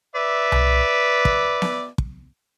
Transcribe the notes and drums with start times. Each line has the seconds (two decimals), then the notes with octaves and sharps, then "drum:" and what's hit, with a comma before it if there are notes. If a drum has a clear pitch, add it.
0.15 B4 D5 E5
0.52 drum: tom C2
1.25 drum: kick
1.62 drum: snare B3
1.98 drum: kick